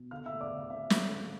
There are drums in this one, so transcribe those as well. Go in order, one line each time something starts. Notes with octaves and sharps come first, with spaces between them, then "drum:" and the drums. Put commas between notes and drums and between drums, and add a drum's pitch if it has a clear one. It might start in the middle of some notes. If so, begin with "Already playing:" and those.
Already playing: B2
D3 F5 F6
E5 E6
A3
D5 D6
D3
F5
C4 E5
A3, drum: snare
D3